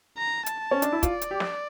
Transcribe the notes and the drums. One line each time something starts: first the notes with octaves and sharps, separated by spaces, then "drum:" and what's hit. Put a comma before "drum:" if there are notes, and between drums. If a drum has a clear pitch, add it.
A#5
A5, drum: hi-hat
C#4
D4, drum: hi-hat
E4
F4 D5, drum: kick, hi-hat
drum: hi-hat
G4
drum: snare